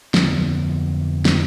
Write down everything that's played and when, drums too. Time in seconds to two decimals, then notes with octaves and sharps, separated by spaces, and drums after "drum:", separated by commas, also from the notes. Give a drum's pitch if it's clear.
0.14 F2 D3 F3 B3, drum: snare
1.25 drum: snare